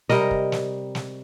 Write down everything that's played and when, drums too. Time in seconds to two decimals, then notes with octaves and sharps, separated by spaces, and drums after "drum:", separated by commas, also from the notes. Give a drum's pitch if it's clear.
0.09 C3 G3 A#4 D#5, drum: snare
0.31 drum: kick
0.52 drum: snare
0.95 drum: snare